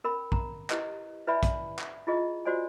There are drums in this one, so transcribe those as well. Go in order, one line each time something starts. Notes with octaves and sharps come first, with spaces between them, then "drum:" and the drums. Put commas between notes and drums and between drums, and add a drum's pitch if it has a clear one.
C#4 A#4 B5
A#5, drum: kick
E4 G4 B4 D#5, drum: clap
E4 B4 D5 E5 G#5 B5
drum: kick, hi-hat
drum: clap
E4 F4 G#4 D#5
F4 F#4 C5 D5 D#5 G#5